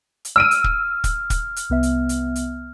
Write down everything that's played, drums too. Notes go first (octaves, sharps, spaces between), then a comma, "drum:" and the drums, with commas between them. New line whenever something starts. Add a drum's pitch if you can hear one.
drum: hi-hat
E6 F6 D7 D#7
drum: hi-hat
drum: kick
drum: kick, hi-hat
drum: kick, hi-hat
drum: hi-hat
C2 B3 E5
drum: hi-hat
drum: hi-hat
drum: hi-hat